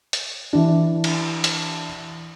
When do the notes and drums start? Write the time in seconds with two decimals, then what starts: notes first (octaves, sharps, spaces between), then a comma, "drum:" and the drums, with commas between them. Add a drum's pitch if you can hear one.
0.13 drum: hi-hat
0.53 E3 D4
1.04 drum: cymbal
1.44 drum: hi-hat